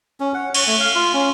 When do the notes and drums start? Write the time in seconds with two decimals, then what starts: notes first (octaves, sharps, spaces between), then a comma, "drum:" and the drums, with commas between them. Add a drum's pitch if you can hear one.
0.20 C#4
0.34 F#5
0.54 C#5, drum: cymbal
0.67 A3
0.80 F5
0.95 F4
1.14 C#4